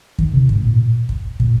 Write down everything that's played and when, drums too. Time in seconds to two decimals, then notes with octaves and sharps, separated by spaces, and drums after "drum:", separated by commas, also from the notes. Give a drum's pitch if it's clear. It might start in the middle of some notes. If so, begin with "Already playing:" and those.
0.19 D#3, drum: kick
0.33 C3
0.49 G#2, drum: kick
0.64 A#2
1.09 drum: kick
1.40 A#2, drum: kick